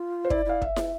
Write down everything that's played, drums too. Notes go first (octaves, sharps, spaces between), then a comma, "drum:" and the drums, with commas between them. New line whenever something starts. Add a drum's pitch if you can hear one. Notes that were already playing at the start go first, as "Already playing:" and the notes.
Already playing: F4
C5
E4 D5, drum: kick
E4 F5
E5, drum: kick
drum: snare